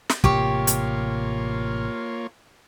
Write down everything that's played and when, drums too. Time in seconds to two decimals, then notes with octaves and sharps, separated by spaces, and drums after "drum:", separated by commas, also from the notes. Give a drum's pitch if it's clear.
0.10 drum: snare
0.24 A1 C3 A#3 F4 G4 C#5 C#6, drum: kick
0.67 drum: hi-hat